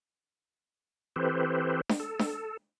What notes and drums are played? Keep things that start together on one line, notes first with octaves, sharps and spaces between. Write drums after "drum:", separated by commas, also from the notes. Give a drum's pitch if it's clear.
E3 C4 G4 A4 B4 C5
drum: snare D4
A4
drum: snare D4